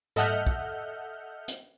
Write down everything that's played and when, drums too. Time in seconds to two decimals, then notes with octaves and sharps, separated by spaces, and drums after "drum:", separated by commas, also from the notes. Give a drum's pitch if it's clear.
0.16 A4 D#5 E5 F#5 F6 G6, drum: tom G#2
0.47 drum: kick
1.48 drum: hi-hat